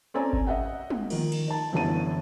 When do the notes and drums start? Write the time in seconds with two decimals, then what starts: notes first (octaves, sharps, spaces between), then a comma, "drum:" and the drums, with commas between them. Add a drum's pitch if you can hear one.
0.14 C4 C#4 A4 D5 G#5 A#5
0.33 drum: kick G1
0.47 D#5 E5 F#5 G5
0.90 drum: tom
1.10 D#3 F3 A#3, drum: cymbal
1.32 drum: cymbal
1.48 D#4 A5
1.73 G1 F#2 D3 E3 A5 D#7